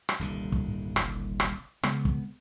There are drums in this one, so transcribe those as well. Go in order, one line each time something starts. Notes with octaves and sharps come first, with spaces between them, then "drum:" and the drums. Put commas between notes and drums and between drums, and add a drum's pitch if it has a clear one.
drum: rim click
D#1 C2 D3
drum: kick
G#2
F#1, drum: rim click
drum: rim click
C#3 G#3 B3, drum: rim click
drum: kick